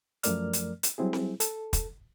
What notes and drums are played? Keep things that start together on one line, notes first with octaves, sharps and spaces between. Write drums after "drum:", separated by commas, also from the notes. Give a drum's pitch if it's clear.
F#2 F3 A3 A#4 D5 F6, drum: hi-hat
drum: hi-hat
drum: hi-hat
F#3 G3 C4 E4 G#4
drum: snare C4
A4, drum: hi-hat
drum: kick, hi-hat